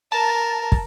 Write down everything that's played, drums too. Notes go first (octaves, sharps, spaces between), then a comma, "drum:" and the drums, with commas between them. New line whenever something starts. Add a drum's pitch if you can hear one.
A#4 A5
drum: kick